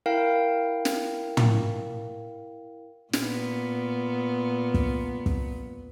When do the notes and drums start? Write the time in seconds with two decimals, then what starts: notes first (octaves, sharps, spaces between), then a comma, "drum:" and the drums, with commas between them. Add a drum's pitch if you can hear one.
0.06 E4 A#4 F5 G5
0.85 drum: snare
1.37 drum: tom
3.13 A#2 B3, drum: snare
4.74 drum: kick
5.26 drum: kick